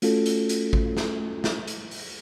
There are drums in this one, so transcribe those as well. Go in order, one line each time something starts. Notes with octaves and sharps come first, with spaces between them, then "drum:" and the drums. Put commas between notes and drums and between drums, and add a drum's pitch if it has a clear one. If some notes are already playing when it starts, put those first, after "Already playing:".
A3 C#4 F4 F#4 A4, drum: hi-hat
drum: hi-hat
drum: hi-hat
drum: kick A1
drum: snare
drum: snare
drum: hi-hat
drum: open hi-hat